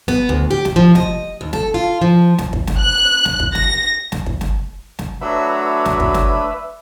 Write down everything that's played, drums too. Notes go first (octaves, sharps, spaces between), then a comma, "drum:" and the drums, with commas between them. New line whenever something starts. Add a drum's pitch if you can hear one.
B3, drum: snare
D2
G4
drum: snare
F3
D#5, drum: snare
D#2
A4, drum: snare
F4
F3
drum: snare
drum: kick
drum: snare
F#6
drum: snare
drum: kick
A#6, drum: snare
drum: snare
drum: kick
drum: snare
drum: snare
F#3 A3 D4 B4 E5 B5
drum: snare
drum: kick
drum: snare